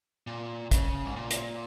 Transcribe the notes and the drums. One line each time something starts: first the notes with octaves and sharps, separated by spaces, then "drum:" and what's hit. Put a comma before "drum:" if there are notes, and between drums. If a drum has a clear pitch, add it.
A#2
C#3, drum: kick, hi-hat
G#2
A#2
drum: hi-hat